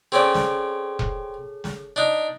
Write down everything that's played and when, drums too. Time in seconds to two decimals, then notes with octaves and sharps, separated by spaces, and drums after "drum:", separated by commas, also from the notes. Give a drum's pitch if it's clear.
0.12 C4 C#4 G#4 A4 C#5 D5
0.34 drum: snare
0.99 drum: kick E1
1.64 drum: snare
1.96 D4 D#4